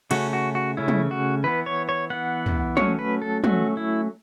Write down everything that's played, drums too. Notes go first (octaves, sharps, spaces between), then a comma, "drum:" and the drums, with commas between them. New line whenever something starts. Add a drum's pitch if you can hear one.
C#3 A3 C#4 F#4, drum: cymbal
F#4
F#4
C#3 A3 C#4 E4
drum: tom
F#4
E3 B3 B4
C#5
C#5
E3 B3 F#5
drum: tom
F#3 A3 C#4 C#5, drum: tom
B4
A4
F#3 A3 C#4 F#4, drum: tom
E4